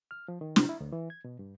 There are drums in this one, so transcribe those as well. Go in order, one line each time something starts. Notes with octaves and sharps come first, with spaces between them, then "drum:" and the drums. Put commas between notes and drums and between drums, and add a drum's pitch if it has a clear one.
F6
F3
D#3
C3, drum: snare
E4
D2
E3
G#6
B2
G2